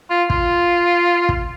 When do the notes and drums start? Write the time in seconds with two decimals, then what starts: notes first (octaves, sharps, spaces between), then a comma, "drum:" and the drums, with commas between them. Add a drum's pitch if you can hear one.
0.10 F4
0.30 F4, drum: kick
1.29 drum: kick